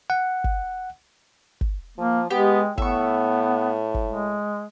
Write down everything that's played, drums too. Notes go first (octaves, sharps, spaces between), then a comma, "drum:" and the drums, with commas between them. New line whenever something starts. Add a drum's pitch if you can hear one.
F#5
drum: kick
drum: kick
F3 A#3
G#3 B3 G4
A2 B3 E5 C#6, drum: kick
drum: kick
G#3